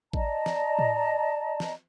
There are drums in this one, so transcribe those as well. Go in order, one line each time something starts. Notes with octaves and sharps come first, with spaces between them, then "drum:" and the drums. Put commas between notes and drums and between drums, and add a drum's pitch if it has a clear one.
D5 D#5 A5 A#5, drum: kick A1
drum: snare
drum: tom A2
drum: snare